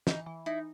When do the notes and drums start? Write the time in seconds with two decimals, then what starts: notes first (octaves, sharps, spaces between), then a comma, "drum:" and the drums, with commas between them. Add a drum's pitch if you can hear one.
0.07 E3 D#4, drum: snare
0.26 E3
0.46 D#4 E4